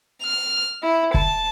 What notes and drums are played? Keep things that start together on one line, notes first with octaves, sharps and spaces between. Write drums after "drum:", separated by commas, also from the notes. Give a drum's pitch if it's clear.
F6
E4
A5, drum: kick